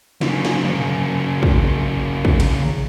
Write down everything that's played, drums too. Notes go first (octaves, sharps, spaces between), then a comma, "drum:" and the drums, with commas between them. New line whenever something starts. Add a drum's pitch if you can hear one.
C#3 A#3, drum: snare
drum: snare
drum: tom
drum: kick
drum: kick
drum: cymbal